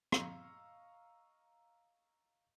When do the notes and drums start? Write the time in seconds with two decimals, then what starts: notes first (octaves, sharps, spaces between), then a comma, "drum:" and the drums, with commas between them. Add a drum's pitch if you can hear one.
0.12 D#5 F5 A#5 C#6 E6, drum: rim click